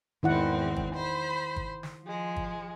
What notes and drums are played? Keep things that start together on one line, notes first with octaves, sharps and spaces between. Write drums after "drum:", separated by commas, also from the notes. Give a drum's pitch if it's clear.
E2 G#2 D#3 C4 E4 F#5
drum: kick
C5 B5
drum: kick
drum: snare
F3 G#3
drum: kick